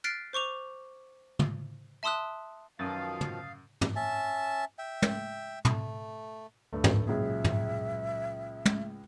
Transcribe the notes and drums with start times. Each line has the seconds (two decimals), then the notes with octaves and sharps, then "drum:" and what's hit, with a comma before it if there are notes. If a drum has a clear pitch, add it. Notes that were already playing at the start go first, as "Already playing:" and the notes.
0.04 F6 F#6 A6 B6 C7 D7
0.33 C5 C#6 D6 F7
1.39 drum: tom
2.03 E5 A5 C6 D#6 E6 F#6
2.79 F#2 B2 D#3 F3 F5 D#6 A6
3.21 drum: tom
3.81 drum: tom
3.96 C#4 E5 A5
4.79 E5 G5
5.02 drum: tom
5.65 A3, drum: tom
6.73 D2 G2 A3
6.84 drum: tom
7.07 C#2 A#2 F#3 G#3 C#4 G#4 E5
7.44 drum: tom
8.65 drum: tom